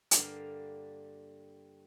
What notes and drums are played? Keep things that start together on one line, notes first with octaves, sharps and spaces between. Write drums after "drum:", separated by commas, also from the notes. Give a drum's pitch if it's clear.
G2 D3 G3 A#3 F5, drum: hi-hat